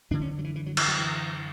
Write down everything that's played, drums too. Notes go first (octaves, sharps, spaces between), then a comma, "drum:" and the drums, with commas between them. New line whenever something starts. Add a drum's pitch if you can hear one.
F#2 D3 D4
C#4
F#3
E3
E3
F#3
E3, drum: cymbal
F#3
E3